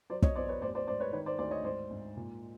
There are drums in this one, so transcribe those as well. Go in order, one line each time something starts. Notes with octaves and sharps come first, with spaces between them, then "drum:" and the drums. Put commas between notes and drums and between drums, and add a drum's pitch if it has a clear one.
F#3 C5 D5
C#5 D#5, drum: kick
E2 C5 D5
B4 C#5
A1 C5 D5
C5 D5
G#2 C5 D5
B4 C#5
D#3 B4 C#5
C5 D5
D2 C5 D5
C#5 D#5
G#2 C5 D5
G#2
A#2